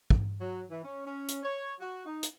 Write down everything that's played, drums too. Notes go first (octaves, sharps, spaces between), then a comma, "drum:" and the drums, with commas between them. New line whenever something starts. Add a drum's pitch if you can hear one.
drum: kick
F#3
E3
C#4
C#4
drum: hi-hat
C#5
F#4
D#4
drum: hi-hat